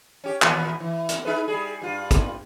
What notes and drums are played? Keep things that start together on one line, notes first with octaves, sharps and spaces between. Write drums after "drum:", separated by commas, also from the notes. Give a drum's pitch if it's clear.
C#4 G4
D#2 A#2 B3, drum: clap
E3
drum: hi-hat
D#4 G#4 B4
G3 G#4
G2 F4
drum: kick, hi-hat